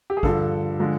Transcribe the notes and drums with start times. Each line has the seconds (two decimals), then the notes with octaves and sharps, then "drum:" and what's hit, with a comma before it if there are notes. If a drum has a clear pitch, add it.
0.10 G4
0.17 G#4
0.23 G2 D3 F3 A4, drum: kick
0.80 D3 F3 G#3